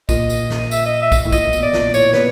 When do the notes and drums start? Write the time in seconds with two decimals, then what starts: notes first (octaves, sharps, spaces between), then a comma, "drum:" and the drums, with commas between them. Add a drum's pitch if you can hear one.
0.09 A#2 D#5, drum: kick, tambourine
0.30 drum: tambourine
0.50 drum: snare
0.71 E5, drum: tambourine
0.86 D#5
1.02 E5
1.12 drum: kick, tambourine
1.25 A2
1.32 A#2 D#5, drum: kick, tambourine
1.53 B2, drum: tambourine
1.63 D5
1.73 A#2, drum: snare
1.94 A2 C#5, drum: tambourine
2.08 B2
2.13 A#2 B4, drum: snare